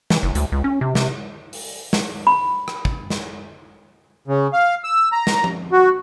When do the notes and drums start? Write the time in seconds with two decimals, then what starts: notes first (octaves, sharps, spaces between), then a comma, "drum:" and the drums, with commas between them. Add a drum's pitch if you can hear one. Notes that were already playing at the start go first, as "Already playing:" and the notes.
0.10 E3, drum: snare
0.23 F#1
0.35 D2, drum: hi-hat
0.52 C#2
0.64 C#4
0.81 C3
0.95 C3, drum: snare
1.53 drum: open hi-hat
1.93 drum: snare
2.27 B5
2.68 drum: rim click
2.85 drum: kick
3.10 drum: snare
4.28 C#3
4.53 F5
4.84 E6
5.12 A#5
5.27 drum: snare
5.44 drum: tom F3
5.72 F#4